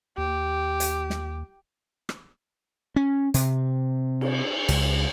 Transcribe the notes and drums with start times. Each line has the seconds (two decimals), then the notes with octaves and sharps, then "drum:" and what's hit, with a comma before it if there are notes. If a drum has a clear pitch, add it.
0.18 D#2 G4
0.80 drum: hi-hat
1.10 drum: snare
2.09 drum: rim click
2.96 C#4
3.34 C3, drum: hi-hat
4.21 drum: cymbal
4.69 C#2, drum: cymbal